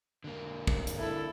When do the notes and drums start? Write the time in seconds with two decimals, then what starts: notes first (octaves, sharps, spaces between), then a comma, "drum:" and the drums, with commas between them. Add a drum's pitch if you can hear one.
0.24 D3 A#3
0.67 drum: kick
0.87 drum: hi-hat
0.98 E4 A4